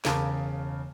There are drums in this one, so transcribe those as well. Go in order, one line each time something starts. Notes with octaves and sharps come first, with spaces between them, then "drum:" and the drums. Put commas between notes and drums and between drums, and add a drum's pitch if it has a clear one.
E1 C#3 A#4 F5 A5 D6, drum: snare